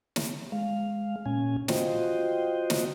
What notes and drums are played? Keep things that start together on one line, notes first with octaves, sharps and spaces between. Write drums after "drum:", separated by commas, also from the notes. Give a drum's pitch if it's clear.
drum: snare
G#3 F5
A#2 C#4 G#5
F4 F#4 C5 D#5 G5, drum: snare
drum: snare